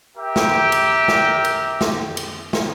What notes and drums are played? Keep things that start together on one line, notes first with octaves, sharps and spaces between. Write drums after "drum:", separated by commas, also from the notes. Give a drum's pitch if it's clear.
G4 A#4 E5 G5
drum: snare
drum: cymbal
drum: snare
drum: cymbal
drum: snare
drum: cymbal
drum: snare